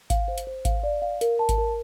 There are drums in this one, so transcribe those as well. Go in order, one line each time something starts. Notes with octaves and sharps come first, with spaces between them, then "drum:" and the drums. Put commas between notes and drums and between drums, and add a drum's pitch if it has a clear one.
F5, drum: kick G#1, hi-hat
C5
drum: hi-hat
C5
F5, drum: kick G#1, hi-hat
D5
F5
A#4, drum: hi-hat
A5
drum: kick G#1, hi-hat
A#4